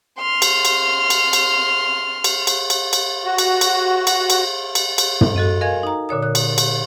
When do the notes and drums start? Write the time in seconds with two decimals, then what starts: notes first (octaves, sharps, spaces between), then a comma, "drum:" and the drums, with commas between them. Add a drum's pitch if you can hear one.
0.19 C6 F6
0.42 drum: cymbal
0.65 drum: cymbal
1.10 drum: cymbal
1.33 drum: cymbal
2.24 drum: cymbal
2.47 drum: cymbal
2.70 drum: cymbal
2.93 drum: cymbal
3.25 F#4
3.38 drum: cymbal
3.61 drum: cymbal
4.07 drum: cymbal
4.30 drum: cymbal
4.75 drum: cymbal
4.98 drum: cymbal
5.21 drum: tom
5.36 F#4 A4 D#5
5.61 A#4 D#5 F5 G#5 G#6
5.83 D#4 A#5
6.09 A#2 D3 C#5 D#6
6.23 C#5 F#6
6.35 drum: cymbal
6.58 drum: cymbal